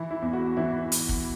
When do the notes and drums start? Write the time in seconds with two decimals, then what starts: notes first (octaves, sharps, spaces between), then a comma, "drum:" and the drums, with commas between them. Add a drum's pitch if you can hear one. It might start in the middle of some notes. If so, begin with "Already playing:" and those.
Already playing: E3 E4
0.11 E4
0.22 E2
0.33 F#4
0.57 E3 E4
0.92 drum: hi-hat
1.09 drum: kick